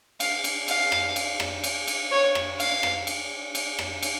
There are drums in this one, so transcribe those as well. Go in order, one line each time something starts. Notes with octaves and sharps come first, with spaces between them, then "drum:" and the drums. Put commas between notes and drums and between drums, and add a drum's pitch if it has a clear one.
F5, drum: cymbal
drum: cymbal
F5, drum: cymbal
drum: rim click
drum: cymbal
drum: rim click
drum: cymbal
drum: cymbal
C#5
drum: rim click
F5, drum: cymbal
drum: rim click
drum: cymbal
drum: cymbal
drum: rim click
drum: cymbal